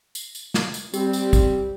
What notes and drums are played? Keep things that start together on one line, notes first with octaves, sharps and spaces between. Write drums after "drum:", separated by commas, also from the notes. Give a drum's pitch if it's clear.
drum: tambourine
drum: tambourine
drum: snare
drum: tambourine
G3 C4 G4, drum: tambourine
drum: tambourine
drum: kick, tambourine